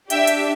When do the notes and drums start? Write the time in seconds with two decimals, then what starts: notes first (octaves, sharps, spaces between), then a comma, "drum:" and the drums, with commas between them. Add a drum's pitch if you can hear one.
0.10 D4 G4 E5 G5, drum: hi-hat
0.27 drum: hi-hat